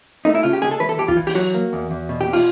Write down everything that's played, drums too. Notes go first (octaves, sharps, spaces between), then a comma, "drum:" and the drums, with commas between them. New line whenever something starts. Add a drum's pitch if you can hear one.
A3 D#4
E4
C#3 F4
G4
G#3 G#4
A4
E3 B4
A4
E3 G4
F4, drum: kick
E3
G4, drum: open hi-hat
F#3 F#4
A#3
E2
E2
B2
G4
B2
F4, drum: open hi-hat